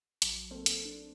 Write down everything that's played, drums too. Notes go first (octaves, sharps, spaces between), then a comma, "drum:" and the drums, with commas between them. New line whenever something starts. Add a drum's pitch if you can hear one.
A#1 F#3, drum: hi-hat
A3 A#3 C4 A4 C5
drum: hi-hat
D4